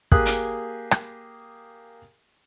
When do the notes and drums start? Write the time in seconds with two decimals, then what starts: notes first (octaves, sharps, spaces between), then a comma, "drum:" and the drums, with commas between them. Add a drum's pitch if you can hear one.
0.12 A#3 G4 G#4 D#6 F#6, drum: kick
0.26 drum: hi-hat
0.91 drum: rim click